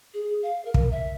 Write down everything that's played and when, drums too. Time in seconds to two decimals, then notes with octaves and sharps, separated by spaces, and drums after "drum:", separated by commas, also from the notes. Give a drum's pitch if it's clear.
0.14 G#4
0.43 F5
0.65 A#4
0.74 drum: kick
0.91 E5